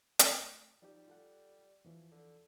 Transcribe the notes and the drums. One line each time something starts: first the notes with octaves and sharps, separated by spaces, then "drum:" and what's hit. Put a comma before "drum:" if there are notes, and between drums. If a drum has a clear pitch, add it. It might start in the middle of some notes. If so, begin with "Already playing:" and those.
A3, drum: hi-hat
F3 G3 D#4 G4
F4 A4 F#5
E2 E3 F3
D3